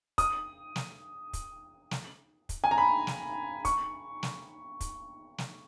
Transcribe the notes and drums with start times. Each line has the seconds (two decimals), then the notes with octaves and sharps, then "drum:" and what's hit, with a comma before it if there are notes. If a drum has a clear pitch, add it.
0.18 D#6, drum: kick, hi-hat
0.76 drum: snare
1.33 drum: kick, hi-hat
1.91 drum: snare
2.49 drum: kick, hi-hat
2.64 G#5
2.71 A#5
2.78 B5
3.07 drum: snare
3.65 C#6, drum: kick, hi-hat
4.23 drum: snare
4.81 drum: kick, hi-hat
5.38 drum: snare